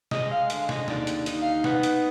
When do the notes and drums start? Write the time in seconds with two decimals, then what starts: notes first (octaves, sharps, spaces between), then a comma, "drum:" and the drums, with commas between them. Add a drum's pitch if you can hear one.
0.11 G#3 D#5, drum: snare
0.31 F5
0.50 D3 F5, drum: hi-hat
0.69 D#5, drum: snare
0.88 D#2 D5, drum: snare
1.07 drum: hi-hat
1.26 D#4, drum: hi-hat
1.39 F5
1.64 B3 F#5, drum: snare
1.83 drum: hi-hat